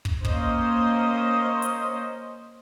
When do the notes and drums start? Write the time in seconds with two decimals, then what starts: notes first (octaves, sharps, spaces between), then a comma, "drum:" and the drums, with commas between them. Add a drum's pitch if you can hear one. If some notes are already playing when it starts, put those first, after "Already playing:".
0.05 drum: kick
0.25 A#3 C#4 C5 D#5, drum: kick
1.62 drum: hi-hat